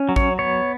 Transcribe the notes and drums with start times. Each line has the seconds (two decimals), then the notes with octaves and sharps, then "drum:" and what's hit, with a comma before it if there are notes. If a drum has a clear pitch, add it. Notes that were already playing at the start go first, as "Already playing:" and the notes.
Already playing: C#4
0.09 F#3
0.16 C#5, drum: kick A1
0.39 B3 C#5